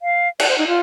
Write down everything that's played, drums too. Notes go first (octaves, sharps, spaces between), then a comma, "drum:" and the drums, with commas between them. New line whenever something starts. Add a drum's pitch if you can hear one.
F5
D5, drum: cymbal
C5
D#4
F4